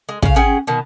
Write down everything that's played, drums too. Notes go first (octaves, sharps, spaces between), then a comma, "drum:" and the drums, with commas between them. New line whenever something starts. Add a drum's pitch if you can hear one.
G#3
C#3 F5, drum: kick
C#4 G#4 F#5 G5
B2 D#3